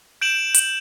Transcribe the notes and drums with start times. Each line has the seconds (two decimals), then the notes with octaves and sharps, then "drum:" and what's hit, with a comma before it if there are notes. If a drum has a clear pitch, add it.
0.21 G6 D7 E7 F#7
0.54 drum: hi-hat